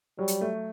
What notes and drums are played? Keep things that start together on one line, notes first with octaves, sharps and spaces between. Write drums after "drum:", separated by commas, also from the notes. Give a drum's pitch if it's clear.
F#3 G3
drum: hi-hat
A3